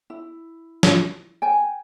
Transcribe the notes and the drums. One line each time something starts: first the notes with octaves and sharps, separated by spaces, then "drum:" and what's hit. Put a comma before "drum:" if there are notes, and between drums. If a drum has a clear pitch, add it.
E4
drum: snare
G5 G#5